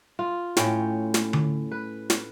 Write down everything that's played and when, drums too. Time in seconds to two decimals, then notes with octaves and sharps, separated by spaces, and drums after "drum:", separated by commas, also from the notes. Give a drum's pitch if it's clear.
0.19 F4
0.57 A2 C#4 G5, drum: snare
1.14 drum: snare
1.33 drum: tom D3
1.71 B4
2.10 drum: snare